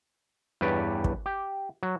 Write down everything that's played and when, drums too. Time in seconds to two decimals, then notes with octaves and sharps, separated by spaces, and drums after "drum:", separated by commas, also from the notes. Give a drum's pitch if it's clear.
0.61 E2 G2 G4 B4 C#5 D5
1.04 drum: kick
1.26 G4
1.83 F#3